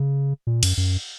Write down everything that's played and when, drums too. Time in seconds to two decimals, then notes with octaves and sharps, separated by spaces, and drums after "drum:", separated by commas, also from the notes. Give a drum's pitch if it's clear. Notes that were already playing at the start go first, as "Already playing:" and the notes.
Already playing: C#3
0.47 A#2
0.63 F#2, drum: cymbal
0.77 F#2